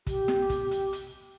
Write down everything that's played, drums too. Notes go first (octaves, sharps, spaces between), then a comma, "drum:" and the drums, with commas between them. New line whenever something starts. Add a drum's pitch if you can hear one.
G4, drum: kick, hi-hat
drum: snare
drum: kick, hi-hat
drum: hi-hat
drum: hi-hat